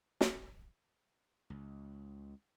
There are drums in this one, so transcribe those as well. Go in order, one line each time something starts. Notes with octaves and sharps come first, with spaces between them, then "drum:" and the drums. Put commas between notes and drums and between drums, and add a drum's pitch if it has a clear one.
drum: snare
C#2